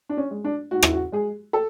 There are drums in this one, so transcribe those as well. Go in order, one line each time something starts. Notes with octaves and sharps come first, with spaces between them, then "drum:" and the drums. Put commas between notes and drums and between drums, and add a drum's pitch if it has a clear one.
D4
C#4
G#3
D4
G#2 F#4
E4, drum: rim click
F#4
G#3 G#4
A4